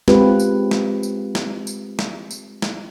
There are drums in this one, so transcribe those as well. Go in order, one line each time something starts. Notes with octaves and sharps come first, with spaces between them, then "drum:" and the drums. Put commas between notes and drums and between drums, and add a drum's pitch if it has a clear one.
G#3 C4 F4 G4 B4, drum: snare
drum: tambourine
drum: snare
drum: tambourine
drum: snare
drum: tambourine
drum: snare
drum: tambourine
drum: snare